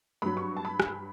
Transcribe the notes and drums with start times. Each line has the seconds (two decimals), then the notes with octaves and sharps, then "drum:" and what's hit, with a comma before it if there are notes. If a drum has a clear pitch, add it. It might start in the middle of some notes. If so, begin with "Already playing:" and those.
0.22 G2 F#3 B5
0.37 C#6
0.57 A5
0.65 B5
0.80 drum: rim click